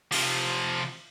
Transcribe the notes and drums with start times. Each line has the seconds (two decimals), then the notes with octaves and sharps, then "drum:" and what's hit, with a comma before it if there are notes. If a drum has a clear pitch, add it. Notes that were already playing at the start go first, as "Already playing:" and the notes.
0.12 C3 F3, drum: open hi-hat